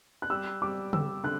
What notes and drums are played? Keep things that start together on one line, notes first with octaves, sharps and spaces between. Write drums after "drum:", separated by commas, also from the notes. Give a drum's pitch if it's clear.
F#6
G3 E6
G3 D6
G3 E6, drum: tom C#3
D3 F#6